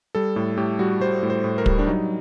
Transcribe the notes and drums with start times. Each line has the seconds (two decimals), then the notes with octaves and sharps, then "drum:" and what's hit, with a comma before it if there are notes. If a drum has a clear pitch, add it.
0.15 G3 A4
0.36 A2
0.57 A2 G4
0.79 G3 F#4
1.01 G3 C5
1.23 A2
1.30 C5
1.44 A2
1.58 A#4
1.66 G3, drum: kick
1.79 D4
1.87 F#3 D#4